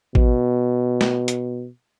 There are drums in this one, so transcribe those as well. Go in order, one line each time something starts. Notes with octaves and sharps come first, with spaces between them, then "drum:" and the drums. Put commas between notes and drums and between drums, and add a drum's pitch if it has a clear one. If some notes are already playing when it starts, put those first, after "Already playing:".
B2, drum: kick A1
drum: snare
drum: hi-hat